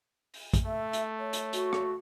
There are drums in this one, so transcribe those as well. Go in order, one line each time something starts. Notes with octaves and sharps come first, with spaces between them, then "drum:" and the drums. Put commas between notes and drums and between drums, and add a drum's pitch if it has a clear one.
drum: open hi-hat
drum: kick, hi-hat
A3 E5
drum: hi-hat
C#5
drum: hi-hat
F#4, drum: hi-hat
drum: rim click